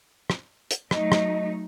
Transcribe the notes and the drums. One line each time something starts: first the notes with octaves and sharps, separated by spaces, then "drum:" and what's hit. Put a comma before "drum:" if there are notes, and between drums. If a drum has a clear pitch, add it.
drum: rim click
drum: hi-hat
F#3 A3 D#4 D#5, drum: rim click
drum: rim click